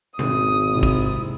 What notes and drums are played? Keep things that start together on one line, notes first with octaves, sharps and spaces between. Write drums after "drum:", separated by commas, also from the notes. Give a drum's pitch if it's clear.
G#1 D#6, drum: tom B2
G#2 C3 E4
drum: kick